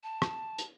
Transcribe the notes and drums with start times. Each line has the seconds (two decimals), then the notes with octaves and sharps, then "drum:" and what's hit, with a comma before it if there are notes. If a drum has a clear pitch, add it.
0.03 A5
0.22 drum: rim click
0.58 drum: hi-hat